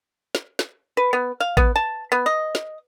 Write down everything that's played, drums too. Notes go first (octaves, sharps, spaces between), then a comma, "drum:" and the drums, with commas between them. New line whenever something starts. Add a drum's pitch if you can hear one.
drum: snare
drum: snare
B4
B3
F5
B3, drum: kick A1
A5
B3
D#5
drum: snare